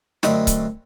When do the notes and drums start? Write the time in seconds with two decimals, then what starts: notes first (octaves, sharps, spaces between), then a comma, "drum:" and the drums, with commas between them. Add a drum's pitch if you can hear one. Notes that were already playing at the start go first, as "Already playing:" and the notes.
0.23 F#2 D3 A3 C4 D#5 B5, drum: snare
0.47 drum: kick C#1, hi-hat